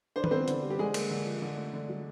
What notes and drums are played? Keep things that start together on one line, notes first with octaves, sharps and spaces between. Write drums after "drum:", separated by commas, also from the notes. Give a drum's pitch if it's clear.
D4 C5
B4, drum: tom D#3
B3 C4 C5
D3, drum: hi-hat
G3
G4
D3 G#3 G#4
A#3, drum: cymbal
D3
F3
D3
A3
D3
F#3